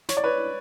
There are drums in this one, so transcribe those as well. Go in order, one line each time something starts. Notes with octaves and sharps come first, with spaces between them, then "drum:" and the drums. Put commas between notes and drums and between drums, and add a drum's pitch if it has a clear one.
C#5, drum: snare
D5
B4 C#5